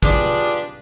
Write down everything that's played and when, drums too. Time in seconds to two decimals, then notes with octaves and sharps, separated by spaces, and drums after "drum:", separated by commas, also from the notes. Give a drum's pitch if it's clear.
0.03 D4 F4 G4 G#4 B4 D5, drum: kick